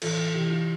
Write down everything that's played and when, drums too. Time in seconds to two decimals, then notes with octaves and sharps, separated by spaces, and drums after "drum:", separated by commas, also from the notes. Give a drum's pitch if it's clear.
0.02 A2 E3 F4 A4, drum: cymbal
0.34 C3 E3 E4 G4
0.50 D4 F4